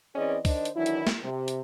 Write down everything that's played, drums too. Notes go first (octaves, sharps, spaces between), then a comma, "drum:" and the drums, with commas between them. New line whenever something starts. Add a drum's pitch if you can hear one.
E3 C4 C#4 G#4 D5 D#5
D#3 D4 C5 D#5, drum: kick, open hi-hat
drum: hi-hat
D#3 E3 F#3 D4 E4
drum: hi-hat
drum: snare
C3
drum: hi-hat